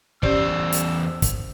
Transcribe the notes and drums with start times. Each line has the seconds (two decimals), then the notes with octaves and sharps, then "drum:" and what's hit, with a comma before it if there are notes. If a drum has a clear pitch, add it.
0.23 E2 C#4 G4 C5 D5 E6, drum: kick
0.73 drum: hi-hat
1.22 drum: kick, hi-hat